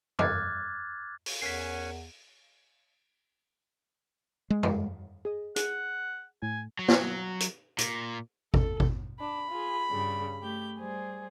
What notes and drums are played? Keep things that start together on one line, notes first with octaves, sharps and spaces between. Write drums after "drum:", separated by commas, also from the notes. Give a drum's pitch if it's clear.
D6 F6 F#6 G#6 A6, drum: tom
drum: open hi-hat
E2 C#4 A#4 F#5 G#5 B6 C7
G#3
drum: tom
G#4 D#5
G#4 F#5, drum: hi-hat
A2 G#5
F#3
drum: snare
drum: hi-hat
A#2, drum: hi-hat
A4, drum: kick G#1
drum: kick G#1
D4 B5
F4 G#4
G2 C#3 G3
A3 G4 G6
G3 G#4 C5